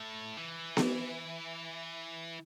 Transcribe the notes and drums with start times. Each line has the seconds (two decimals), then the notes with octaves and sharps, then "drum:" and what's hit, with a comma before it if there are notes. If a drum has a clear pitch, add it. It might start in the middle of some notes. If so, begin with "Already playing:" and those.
Already playing: A2
0.37 E3
0.77 drum: snare B3